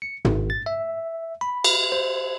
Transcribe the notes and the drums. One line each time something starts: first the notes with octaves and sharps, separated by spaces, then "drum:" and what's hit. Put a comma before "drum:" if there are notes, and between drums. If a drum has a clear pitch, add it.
C#7
G#1, drum: tom
A6
E5
B5
drum: cymbal
C5